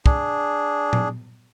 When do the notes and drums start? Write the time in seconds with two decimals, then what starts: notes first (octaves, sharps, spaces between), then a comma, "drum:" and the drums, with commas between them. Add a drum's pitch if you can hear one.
0.06 D4 G#4, drum: kick
0.93 drum: tom A#2